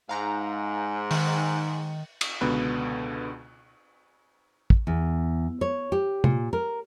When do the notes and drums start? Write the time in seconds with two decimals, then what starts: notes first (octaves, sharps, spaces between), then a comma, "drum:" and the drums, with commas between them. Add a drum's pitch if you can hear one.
0.09 G#2 F5 A#5
1.11 D#3, drum: open hi-hat
2.21 drum: cymbal
2.41 C#2 B2 D3 B3 B5 F#6
4.70 drum: kick
4.87 E2
5.61 C#5
5.92 G4
6.24 A#2, drum: tom
6.53 A#4